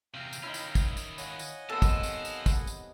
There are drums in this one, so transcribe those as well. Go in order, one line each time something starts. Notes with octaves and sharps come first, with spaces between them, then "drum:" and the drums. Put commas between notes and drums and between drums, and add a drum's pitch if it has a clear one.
E2 C3 F5 G5 A#5
drum: tambourine
D#3 C#4 D#4 E4
drum: tambourine
drum: kick, tambourine
drum: tambourine
C#5 D#5 F5 F#5 G#5, drum: tambourine
drum: tambourine
C3 D#3 B3 A4 F5 A5
drum: kick, tambourine
drum: tambourine
drum: tambourine
drum: kick, tambourine
drum: tambourine